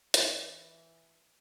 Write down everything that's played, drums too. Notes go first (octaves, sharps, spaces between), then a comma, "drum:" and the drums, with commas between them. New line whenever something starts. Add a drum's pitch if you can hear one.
E3, drum: hi-hat